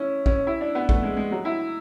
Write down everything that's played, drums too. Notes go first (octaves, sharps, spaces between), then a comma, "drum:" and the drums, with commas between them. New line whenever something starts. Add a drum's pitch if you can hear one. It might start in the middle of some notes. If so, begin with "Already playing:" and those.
Already playing: C#4 E4
C#4, drum: kick
E4
D4
B3
A3, drum: kick
G#3
G#3
F#3
E4